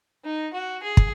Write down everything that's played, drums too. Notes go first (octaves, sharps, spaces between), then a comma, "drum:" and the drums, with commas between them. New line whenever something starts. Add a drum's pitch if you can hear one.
D#4
F#4
G#4
drum: kick